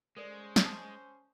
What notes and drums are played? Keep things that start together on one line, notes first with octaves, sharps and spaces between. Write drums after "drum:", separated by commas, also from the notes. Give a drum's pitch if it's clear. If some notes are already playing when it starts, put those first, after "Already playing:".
G#3 C#4 A4 A#4 C5 D5
drum: snare
A5 D#6